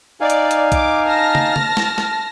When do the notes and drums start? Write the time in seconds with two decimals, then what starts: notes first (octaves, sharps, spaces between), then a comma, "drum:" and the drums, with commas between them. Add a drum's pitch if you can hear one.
0.21 D#4 D5 F5 G#5
0.30 drum: hi-hat
0.51 drum: hi-hat
0.72 D6, drum: kick, hi-hat
1.06 A5 F6 A#6
1.35 drum: tom
1.56 drum: tom
1.77 drum: snare
1.98 drum: snare